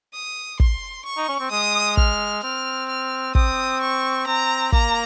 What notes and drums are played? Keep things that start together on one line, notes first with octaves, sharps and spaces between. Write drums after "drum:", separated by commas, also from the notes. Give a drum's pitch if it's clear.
D#6
C6, drum: kick
C#6
D#4
C#4
C4
G#3 D#6
F6, drum: kick
C4 F6
F6
C4 D#6, drum: kick
C#6
C4 A#5
A#3 A#5, drum: kick